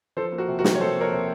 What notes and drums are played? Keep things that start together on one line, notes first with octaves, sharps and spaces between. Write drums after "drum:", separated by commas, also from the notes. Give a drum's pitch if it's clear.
F3 A4 C5
A#3
F#4 A#4
C3
F#4 A#4
C3, drum: snare
C#5
F3 A4 C5
A#3 A#4 C#5
C3